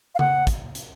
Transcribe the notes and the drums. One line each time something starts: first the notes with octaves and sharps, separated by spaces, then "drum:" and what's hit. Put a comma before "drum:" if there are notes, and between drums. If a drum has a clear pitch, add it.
F5
F#5, drum: tom C#3
drum: kick, hi-hat
drum: hi-hat